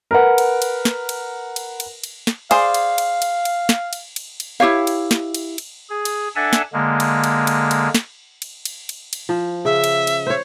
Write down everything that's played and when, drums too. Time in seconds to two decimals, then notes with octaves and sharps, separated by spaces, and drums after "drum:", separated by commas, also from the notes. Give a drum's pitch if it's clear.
0.11 A#4 B4 F#5
0.38 drum: cymbal
0.62 drum: cymbal
0.85 drum: snare
1.09 drum: cymbal
1.56 drum: cymbal
1.80 drum: cymbal
2.04 drum: cymbal
2.27 drum: snare
2.51 G#4 C5 D5 F5, drum: cymbal
2.74 drum: cymbal
2.98 drum: cymbal
3.22 drum: cymbal
3.45 drum: cymbal
3.69 drum: snare
3.93 drum: cymbal
4.16 drum: cymbal
4.40 drum: cymbal
4.60 E4 G4 C#5 F5
4.87 drum: cymbal
5.11 drum: snare
5.34 drum: cymbal
5.58 drum: cymbal
5.90 G#4
6.05 drum: cymbal
6.36 D4 A4 E5 F#5 G#5 A5
6.53 drum: snare
6.73 D3 G#3 A#3
7.00 drum: cymbal
7.24 drum: cymbal
7.47 drum: cymbal
7.71 drum: cymbal
7.95 drum: snare
8.42 drum: cymbal
8.65 drum: cymbal
8.89 drum: cymbal
9.13 drum: cymbal
9.29 F3
9.65 C#3 E5
9.84 drum: cymbal
10.07 drum: cymbal
10.27 C5 C#5